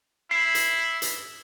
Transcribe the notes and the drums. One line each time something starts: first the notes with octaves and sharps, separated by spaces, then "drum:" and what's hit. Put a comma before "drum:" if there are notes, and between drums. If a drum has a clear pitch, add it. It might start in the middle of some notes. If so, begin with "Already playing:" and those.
E4 C7
drum: hi-hat
drum: hi-hat